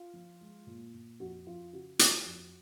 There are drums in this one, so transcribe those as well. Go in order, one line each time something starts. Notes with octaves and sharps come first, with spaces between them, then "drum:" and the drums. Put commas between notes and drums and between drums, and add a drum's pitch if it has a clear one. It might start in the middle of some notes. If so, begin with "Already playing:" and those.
Already playing: F4
F3
G#3
A#2
A#2
F2 F#4
F2 F4
C#3 F#4
F3, drum: hi-hat
F2